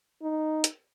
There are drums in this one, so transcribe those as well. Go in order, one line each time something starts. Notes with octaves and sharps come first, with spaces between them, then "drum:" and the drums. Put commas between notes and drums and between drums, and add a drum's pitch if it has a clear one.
D#4
drum: hi-hat